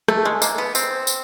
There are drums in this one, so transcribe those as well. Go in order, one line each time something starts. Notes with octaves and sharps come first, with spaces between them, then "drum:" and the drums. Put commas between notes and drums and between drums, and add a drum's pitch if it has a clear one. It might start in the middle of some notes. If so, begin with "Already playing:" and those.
A3, drum: rim click
G#3
A#3, drum: tambourine
B3
C4, drum: tambourine
drum: tambourine